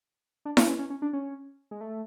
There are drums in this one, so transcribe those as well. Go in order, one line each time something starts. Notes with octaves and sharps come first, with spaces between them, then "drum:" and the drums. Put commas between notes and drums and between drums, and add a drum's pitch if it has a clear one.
D4
D4, drum: snare E4
C#4
C#4
C#4
D4
C#4
G#3
A3